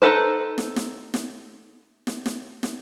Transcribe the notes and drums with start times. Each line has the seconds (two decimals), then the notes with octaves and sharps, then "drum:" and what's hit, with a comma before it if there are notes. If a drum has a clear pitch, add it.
0.02 D#4 F4 A4 B4 C5
0.58 drum: snare
0.76 drum: snare
1.14 drum: snare
2.07 drum: snare
2.26 drum: snare
2.63 drum: snare